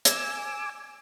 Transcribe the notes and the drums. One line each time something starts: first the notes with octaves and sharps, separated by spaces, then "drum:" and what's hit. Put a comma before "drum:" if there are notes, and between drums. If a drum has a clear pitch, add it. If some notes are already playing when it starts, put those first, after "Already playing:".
G#5 D6 E6, drum: hi-hat